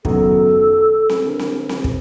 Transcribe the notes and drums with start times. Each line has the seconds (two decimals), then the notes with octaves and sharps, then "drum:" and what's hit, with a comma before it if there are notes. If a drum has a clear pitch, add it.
0.05 F#1 F#2 D#3 F#3 B3 A4, drum: kick
1.09 drum: snare C4
1.24 D3 A#4
1.39 drum: snare C4
1.69 drum: snare C4
1.84 drum: kick